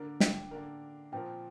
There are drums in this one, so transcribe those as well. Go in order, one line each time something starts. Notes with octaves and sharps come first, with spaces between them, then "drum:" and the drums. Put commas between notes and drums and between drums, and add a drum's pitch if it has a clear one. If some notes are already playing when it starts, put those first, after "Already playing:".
Already playing: D3 A#3 D4 A#4
G5, drum: snare
D3 A#3 D4 A#4
A#2 F3 C4 A#4 G5